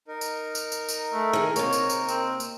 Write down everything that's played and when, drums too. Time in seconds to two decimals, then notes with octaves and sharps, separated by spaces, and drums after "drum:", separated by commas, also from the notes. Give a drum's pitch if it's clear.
0.08 D#4 A#4
0.21 drum: tambourine
0.55 drum: tambourine
0.72 drum: tambourine
0.89 drum: tambourine
1.13 A3
1.33 D#3 G#4
1.56 C3 A#3 C#5, drum: tambourine
1.73 drum: tambourine
1.90 drum: tambourine
2.09 C4, drum: tambourine
2.40 drum: tambourine